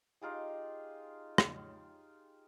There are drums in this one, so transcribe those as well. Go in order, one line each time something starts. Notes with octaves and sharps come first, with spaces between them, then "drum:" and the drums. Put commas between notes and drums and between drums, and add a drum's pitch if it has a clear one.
D#4 F4 G4 G#4
drum: rim click